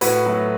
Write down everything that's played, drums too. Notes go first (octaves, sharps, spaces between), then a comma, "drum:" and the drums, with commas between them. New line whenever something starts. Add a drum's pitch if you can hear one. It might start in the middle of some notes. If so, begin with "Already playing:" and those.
A2 F#4 B4, drum: hi-hat
F#3 A3